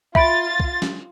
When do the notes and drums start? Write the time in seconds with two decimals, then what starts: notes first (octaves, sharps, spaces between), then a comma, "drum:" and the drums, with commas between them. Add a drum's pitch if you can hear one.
0.15 F4 E5 B5 A6 D7, drum: kick
0.60 drum: kick
0.82 drum: snare